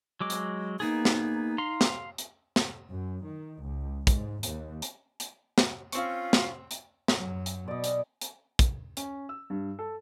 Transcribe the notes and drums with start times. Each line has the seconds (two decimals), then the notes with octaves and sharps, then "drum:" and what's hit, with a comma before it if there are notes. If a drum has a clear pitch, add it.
0.20 F#3 G#3 D6
0.30 drum: hi-hat
0.80 A#3 B3 D#4 G#4
1.05 drum: snare
1.58 F5 A#5 C6
1.81 drum: snare
2.18 drum: hi-hat
2.56 drum: snare
2.90 F#2
3.24 D#3
3.60 C#2
4.07 G#2, drum: kick, hi-hat
4.43 D#2, drum: hi-hat
4.82 drum: hi-hat
5.20 drum: hi-hat
5.58 drum: snare
5.92 C4 C#4 F4 C#6, drum: hi-hat
6.33 drum: snare
6.71 drum: hi-hat
7.08 drum: snare
7.18 F#2 F#3
7.46 drum: hi-hat
7.68 B2 D5 D#5
7.84 drum: hi-hat
8.21 drum: hi-hat
8.59 drum: kick, hi-hat
8.97 C#4, drum: hi-hat
9.29 E6
9.50 G2
9.79 A4